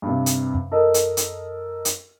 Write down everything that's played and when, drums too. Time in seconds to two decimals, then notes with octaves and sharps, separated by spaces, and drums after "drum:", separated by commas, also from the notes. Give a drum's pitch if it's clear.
0.02 G2 C3
0.26 drum: hi-hat
0.54 F#2
0.72 A4 A#4 D#5
0.94 drum: hi-hat
1.17 drum: hi-hat
1.85 drum: hi-hat